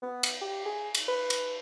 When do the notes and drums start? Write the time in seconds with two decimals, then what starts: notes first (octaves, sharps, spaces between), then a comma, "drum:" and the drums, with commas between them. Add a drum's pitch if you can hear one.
0.02 B3
0.23 drum: cymbal
0.41 G4
0.66 G#4
0.95 drum: cymbal
1.08 B4
1.30 drum: cymbal